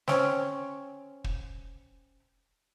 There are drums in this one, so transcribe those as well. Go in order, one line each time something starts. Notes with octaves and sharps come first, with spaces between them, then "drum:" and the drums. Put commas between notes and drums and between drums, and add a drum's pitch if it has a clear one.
C4 C#4, drum: snare
drum: kick